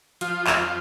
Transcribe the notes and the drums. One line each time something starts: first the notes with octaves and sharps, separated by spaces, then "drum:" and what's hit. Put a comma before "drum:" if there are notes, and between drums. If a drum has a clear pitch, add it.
F3 F4, drum: hi-hat
F2 F4, drum: clap